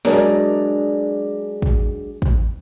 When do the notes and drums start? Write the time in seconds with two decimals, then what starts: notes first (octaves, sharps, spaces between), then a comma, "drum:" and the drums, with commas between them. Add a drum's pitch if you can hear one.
0.05 F#3 G#3 D4 G#4 A#4 D5, drum: snare
1.62 drum: kick
2.22 drum: kick